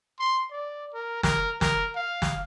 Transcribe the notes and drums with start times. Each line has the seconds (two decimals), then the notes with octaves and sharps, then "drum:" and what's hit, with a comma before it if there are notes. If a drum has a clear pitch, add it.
0.20 C6
0.51 D5
0.94 A#4
1.23 A#4, drum: snare
1.61 A#4, drum: snare
1.96 F5
2.22 drum: snare